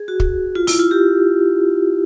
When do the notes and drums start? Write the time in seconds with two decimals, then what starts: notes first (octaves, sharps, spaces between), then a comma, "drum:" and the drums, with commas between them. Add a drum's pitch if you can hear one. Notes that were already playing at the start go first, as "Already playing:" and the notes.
Already playing: G#4
0.08 F#4
0.20 drum: kick
0.55 F4
0.67 E4, drum: open hi-hat
0.79 F4
0.91 G4